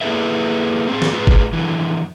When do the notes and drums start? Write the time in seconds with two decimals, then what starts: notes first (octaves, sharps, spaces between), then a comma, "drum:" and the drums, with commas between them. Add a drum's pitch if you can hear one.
0.01 A#3 E4 G#4 A4 B4 E5
0.89 C4 G#4
1.02 drum: snare
1.13 A2 F4 G#4 B4
1.27 drum: kick G1
1.53 F2 D3 E3